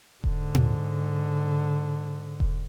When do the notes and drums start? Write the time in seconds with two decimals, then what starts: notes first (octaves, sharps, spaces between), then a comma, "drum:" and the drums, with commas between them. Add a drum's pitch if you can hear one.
0.24 G#2 D3, drum: kick E1
0.55 drum: tom A#2
2.40 drum: kick E1